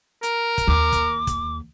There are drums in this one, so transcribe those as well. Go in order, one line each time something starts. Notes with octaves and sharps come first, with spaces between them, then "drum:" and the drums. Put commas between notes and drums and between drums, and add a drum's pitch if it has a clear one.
A#4, drum: hi-hat
drum: kick, hi-hat
D#2 D6
drum: kick, hi-hat
drum: kick, hi-hat